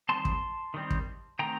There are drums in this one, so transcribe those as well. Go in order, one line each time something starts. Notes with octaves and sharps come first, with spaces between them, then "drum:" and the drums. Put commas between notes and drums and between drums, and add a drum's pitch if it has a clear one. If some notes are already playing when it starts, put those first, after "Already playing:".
D#3 G3 C4 A5 C6
drum: kick
D#3 G3 C4
drum: kick
D#3 A3 C4 G5 A#5